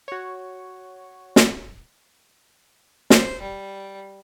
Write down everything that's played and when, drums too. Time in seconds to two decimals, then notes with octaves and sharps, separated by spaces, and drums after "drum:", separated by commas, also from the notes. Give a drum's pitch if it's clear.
0.08 F#4 C#5
1.36 drum: snare
3.10 C5, drum: snare
3.41 G3